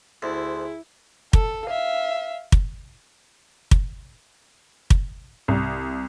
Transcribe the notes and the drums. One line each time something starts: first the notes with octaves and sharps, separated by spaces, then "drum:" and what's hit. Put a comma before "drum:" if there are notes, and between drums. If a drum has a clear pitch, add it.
D2 E4 G#4 C5
A4, drum: kick
E5 F5
drum: kick
drum: kick
drum: kick
C2